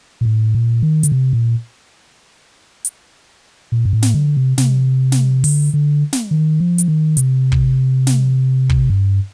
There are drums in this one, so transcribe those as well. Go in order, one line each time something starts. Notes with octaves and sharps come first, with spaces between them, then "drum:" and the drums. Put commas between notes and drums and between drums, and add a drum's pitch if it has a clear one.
A#2
A2
A#2
D#3
D3, drum: hi-hat
C3
A#2
drum: hi-hat
A#2
G2
A2
drum: snare
D3
C3
C3, drum: snare
drum: snare
D3, drum: open hi-hat
D3
drum: snare
D#3
F3
drum: hi-hat
D#3
C3, drum: hi-hat
drum: kick
drum: snare
drum: kick
G2